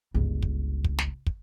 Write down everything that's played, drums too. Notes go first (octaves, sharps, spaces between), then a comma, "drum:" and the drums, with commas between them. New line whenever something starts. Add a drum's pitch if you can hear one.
G1 C#2
drum: kick
drum: kick
drum: snare
drum: kick